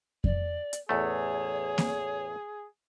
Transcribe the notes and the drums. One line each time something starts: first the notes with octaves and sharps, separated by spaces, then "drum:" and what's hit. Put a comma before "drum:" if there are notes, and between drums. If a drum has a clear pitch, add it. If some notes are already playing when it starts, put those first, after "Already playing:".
D5, drum: kick F2
drum: hi-hat
A1 E2 A3 G#4 C#5
drum: snare A#3